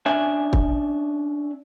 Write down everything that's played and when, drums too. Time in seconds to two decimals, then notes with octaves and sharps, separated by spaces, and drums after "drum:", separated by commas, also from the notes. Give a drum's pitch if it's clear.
0.06 C#4 D4 D5 E5 G#5
0.53 drum: kick